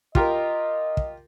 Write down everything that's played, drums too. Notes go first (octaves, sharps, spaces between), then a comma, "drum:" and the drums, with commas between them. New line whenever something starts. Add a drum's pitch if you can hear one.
F4 G4 A#4 D#5, drum: kick
drum: kick